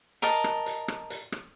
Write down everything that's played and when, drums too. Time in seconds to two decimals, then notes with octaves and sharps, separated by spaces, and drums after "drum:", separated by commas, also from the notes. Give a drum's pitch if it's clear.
0.22 A#4 D#5 A5, drum: hi-hat
0.44 drum: rim click
0.66 drum: hi-hat
0.88 drum: rim click
1.10 drum: hi-hat
1.32 drum: rim click